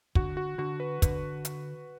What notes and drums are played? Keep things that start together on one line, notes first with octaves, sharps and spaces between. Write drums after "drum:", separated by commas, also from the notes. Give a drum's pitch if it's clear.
D3 F#4, drum: kick
F#4
D3 F#4
B4
D3 B4, drum: kick, hi-hat
drum: hi-hat